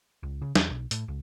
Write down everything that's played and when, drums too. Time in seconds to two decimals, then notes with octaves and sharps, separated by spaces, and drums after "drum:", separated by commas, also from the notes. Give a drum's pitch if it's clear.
0.23 C#2
0.42 C#3
0.55 E2, drum: snare
0.70 B1
0.91 A2, drum: hi-hat
1.08 C#2